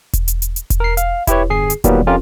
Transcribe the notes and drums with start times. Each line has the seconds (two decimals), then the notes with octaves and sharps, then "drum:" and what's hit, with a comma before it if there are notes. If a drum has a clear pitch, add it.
0.13 drum: kick E1, hi-hat
0.28 drum: hi-hat
0.42 drum: hi-hat
0.56 drum: hi-hat
0.70 drum: kick E1, hi-hat
0.80 A#4 C7
0.97 F5, drum: hi-hat
1.27 E4 G4 B4 C#5, drum: kick E1, hi-hat
1.50 G1 G#4 C7
1.70 drum: hi-hat
1.84 A#2 D#3 F#3 G3 A#3 B3, drum: kick E1, hi-hat
2.07 F2 C#4 F4 G4 A#4